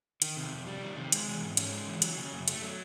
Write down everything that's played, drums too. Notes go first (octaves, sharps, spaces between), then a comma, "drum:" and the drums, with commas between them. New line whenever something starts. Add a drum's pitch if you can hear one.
D#3, drum: hi-hat
C3
F2
G3
D#3
C3
G#3, drum: hi-hat
E3
G#2
C#4, drum: hi-hat
G#3
E3
F#3, drum: hi-hat
C#3
F#2
A3, drum: hi-hat
F#3